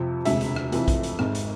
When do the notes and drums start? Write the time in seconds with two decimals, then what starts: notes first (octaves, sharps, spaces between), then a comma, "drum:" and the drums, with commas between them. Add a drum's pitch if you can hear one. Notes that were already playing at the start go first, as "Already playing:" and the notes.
Already playing: F2 C3 F3
0.25 E1 D2 C3 G#3 E5, drum: hi-hat
0.41 drum: hi-hat
0.56 drum: rim click
0.72 F1 F2 E3, drum: hi-hat
0.88 drum: kick A#1, hi-hat
1.03 drum: hi-hat
1.19 G#1 G#2 G#3, drum: rim click
1.35 drum: hi-hat